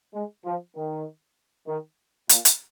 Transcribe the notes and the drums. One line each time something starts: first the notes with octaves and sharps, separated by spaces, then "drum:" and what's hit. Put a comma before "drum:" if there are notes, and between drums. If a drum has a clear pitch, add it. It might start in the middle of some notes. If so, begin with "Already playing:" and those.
G#3
F3
D#3
D#3
A#2, drum: hi-hat
drum: hi-hat